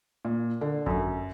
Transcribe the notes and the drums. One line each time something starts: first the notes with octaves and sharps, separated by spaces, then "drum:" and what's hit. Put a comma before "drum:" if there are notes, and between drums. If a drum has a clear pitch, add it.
A#2
D3
F#2, drum: kick G#1